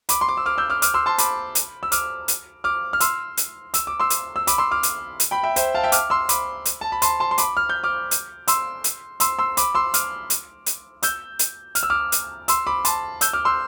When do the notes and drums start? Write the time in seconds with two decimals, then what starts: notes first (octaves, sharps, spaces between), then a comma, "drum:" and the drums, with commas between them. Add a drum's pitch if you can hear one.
0.09 B5 D6, drum: hi-hat
0.21 C6
0.29 D6
0.37 E6
0.46 D6 F6
0.58 E6 G6
0.70 D6 F6
0.82 D6 F6, drum: hi-hat
0.94 C6 E6
1.06 A5 C6
1.18 B5 D6, drum: hi-hat
1.55 drum: hi-hat
1.83 E6
1.92 D6 F6, drum: hi-hat
2.28 drum: hi-hat
2.64 D6 F6
2.93 F6
3.00 C6 E6, drum: hi-hat
3.37 drum: hi-hat
3.74 E6, drum: hi-hat
3.87 D6
4.00 C6 E6
4.10 drum: hi-hat
4.36 E6
4.47 B5 D6, drum: hi-hat
4.58 C6 E6
4.71 D6 F6
4.83 drum: hi-hat
5.20 drum: hi-hat
5.31 G5 B5
5.43 E5 G5
5.56 C5 E5, drum: hi-hat
5.75 F5 A5
5.83 E5 G5
5.92 D6 F6, drum: hi-hat
6.10 C6 E6
6.29 B5 D6, drum: hi-hat
6.65 drum: hi-hat
6.81 A5
6.92 B5
7.02 A5 C6, drum: hi-hat
7.20 A5 C6
7.31 C6
7.38 B5 D6, drum: hi-hat
7.57 F6
7.69 G6
7.84 D6 F6
8.11 drum: hi-hat
8.48 C6 E6, drum: hi-hat
8.84 drum: hi-hat
9.20 C6 E6, drum: hi-hat
9.39 C6 E6
9.57 B5 D6, drum: hi-hat
9.75 C6 E6
9.94 D6 F6, drum: hi-hat
10.30 drum: hi-hat
10.66 drum: hi-hat
11.03 E6 G6, drum: hi-hat
11.39 drum: hi-hat
11.75 F6, drum: hi-hat
11.83 E6
11.90 D6 F6
12.12 drum: hi-hat
12.48 C6 E6, drum: hi-hat
12.67 B5 D6
12.85 A5 C6, drum: hi-hat
13.21 E6 G6, drum: hi-hat
13.33 D6 F6
13.45 C6 E6